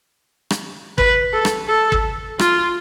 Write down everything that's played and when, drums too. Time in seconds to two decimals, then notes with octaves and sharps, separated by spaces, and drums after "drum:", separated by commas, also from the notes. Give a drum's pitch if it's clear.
0.50 drum: rim click
0.98 B4, drum: kick
1.33 A4
1.45 drum: rim click
1.68 A4
1.92 drum: kick
2.39 F4, drum: rim click